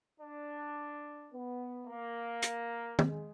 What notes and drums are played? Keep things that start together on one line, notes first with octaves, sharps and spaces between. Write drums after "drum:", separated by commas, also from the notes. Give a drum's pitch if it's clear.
D4
B3
A#3
drum: hi-hat
G#3, drum: tom